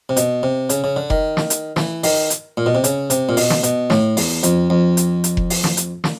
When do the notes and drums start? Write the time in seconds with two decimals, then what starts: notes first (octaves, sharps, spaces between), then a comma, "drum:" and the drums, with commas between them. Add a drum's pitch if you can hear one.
0.09 C3
0.17 B2, drum: hi-hat
0.43 C3
0.70 C#3, drum: hi-hat
0.84 C#3
0.96 D3
1.10 D#3, drum: kick F1
1.37 drum: snare
1.50 drum: hi-hat
1.76 E3, drum: snare
2.04 D#3, drum: open hi-hat
2.30 drum: hi-hat
2.57 A#2
2.66 B2
2.75 C3
2.84 C#3, drum: hi-hat
3.10 C3, drum: hi-hat
3.29 A#2
3.37 B2, drum: open hi-hat
3.50 drum: snare
3.63 B2, drum: hi-hat
3.90 A2, drum: snare
4.17 E2, drum: open hi-hat
4.43 F2, drum: hi-hat
4.70 F2
4.97 drum: hi-hat
5.24 drum: hi-hat
5.37 drum: kick F1
5.50 drum: open hi-hat
5.64 drum: snare
5.77 drum: hi-hat
6.04 drum: snare